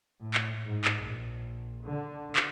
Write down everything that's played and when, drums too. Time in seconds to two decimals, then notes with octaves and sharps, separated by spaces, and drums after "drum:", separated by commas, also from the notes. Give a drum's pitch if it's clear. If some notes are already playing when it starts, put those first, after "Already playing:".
0.21 A2
0.34 drum: clap
0.66 G#2
0.85 drum: clap
1.03 A#1
1.86 D3
2.36 drum: clap